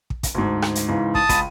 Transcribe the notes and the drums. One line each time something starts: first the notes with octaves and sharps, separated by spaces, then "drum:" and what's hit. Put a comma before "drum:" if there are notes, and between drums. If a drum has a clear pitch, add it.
drum: kick
drum: kick, hi-hat
D2 G#2
drum: rim click
drum: hi-hat
G#2 C#3 E3
A5 D#6, drum: kick
C#2 B5 D#7, drum: kick, hi-hat